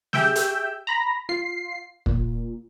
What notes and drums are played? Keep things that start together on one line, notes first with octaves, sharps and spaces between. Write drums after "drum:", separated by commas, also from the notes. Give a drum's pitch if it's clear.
G4 G#4 E5 G5 E6 G6, drum: snare
drum: hi-hat
A#5 B5 A#6
F4 C7
A#2, drum: kick